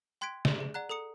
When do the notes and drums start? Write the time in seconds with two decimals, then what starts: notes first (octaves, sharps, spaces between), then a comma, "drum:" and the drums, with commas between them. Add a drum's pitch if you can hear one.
0.21 G5 C6 F#6 G#6 B6 D7
0.45 D5, drum: snare
0.60 G#4
0.74 D5 F#5 A#5 F#6
0.89 A4 A#5 D#6 C#7